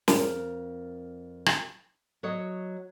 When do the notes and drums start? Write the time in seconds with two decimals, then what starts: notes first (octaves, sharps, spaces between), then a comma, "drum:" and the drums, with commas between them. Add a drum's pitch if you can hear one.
0.08 F2 A#4, drum: snare
1.46 drum: rim click
2.23 F#3 C#5 D#5